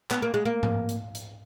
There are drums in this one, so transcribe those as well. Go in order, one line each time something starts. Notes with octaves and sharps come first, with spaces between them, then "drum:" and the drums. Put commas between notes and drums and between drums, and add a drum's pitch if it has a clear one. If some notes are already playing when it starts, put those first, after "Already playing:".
B3, drum: clap
A#3
G#3
A#3
drum: tom G#2
drum: hi-hat
drum: hi-hat